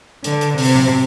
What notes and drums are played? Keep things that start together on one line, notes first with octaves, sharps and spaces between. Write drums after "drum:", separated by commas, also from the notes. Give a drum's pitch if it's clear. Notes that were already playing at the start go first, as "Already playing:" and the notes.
D3, drum: hi-hat
drum: hi-hat
C3, drum: open hi-hat
drum: tom A#2